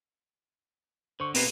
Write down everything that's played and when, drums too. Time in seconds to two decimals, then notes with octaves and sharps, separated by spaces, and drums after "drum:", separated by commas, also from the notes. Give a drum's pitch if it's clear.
1.20 D3 C5 C#6
1.34 B2 A#3 C4 D#4 B4 C7, drum: open hi-hat